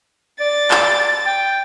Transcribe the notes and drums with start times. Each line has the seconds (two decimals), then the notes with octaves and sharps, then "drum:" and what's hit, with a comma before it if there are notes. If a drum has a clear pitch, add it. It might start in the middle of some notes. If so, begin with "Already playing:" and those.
0.40 D5 A6
0.71 drum: clap
1.26 G5